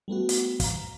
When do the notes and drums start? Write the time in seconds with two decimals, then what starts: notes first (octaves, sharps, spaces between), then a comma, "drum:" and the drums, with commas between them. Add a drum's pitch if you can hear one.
0.08 G3 A3 B3 F#4
0.29 drum: hi-hat
0.60 F5 A#5, drum: kick, hi-hat